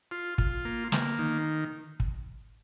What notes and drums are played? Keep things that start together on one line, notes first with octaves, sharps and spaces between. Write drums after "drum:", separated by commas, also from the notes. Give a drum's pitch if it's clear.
F4
F4, drum: kick
A#3
A#3, drum: snare
D#3
drum: kick